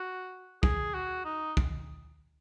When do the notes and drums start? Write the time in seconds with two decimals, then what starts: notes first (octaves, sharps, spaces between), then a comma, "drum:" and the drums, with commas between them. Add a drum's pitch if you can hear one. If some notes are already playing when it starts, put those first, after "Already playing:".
Already playing: F#4
0.63 G#4, drum: kick
0.94 F#4
1.25 D#4
1.57 drum: kick